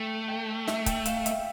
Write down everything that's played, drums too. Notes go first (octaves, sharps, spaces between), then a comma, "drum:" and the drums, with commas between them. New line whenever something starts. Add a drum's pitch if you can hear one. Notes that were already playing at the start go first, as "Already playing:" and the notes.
Already playing: A3 G5
G5
E5, drum: snare
G5, drum: kick, hi-hat
F5, drum: hi-hat
E5, drum: hi-hat